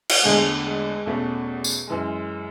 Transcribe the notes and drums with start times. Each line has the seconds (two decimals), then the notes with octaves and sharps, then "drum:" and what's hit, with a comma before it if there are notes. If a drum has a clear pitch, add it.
0.09 drum: cymbal
0.25 E2 D3 G#3 A3
0.65 G#3
1.06 E2 B2 A3 C#4
1.64 drum: tambourine
1.87 F#2 E3 G#3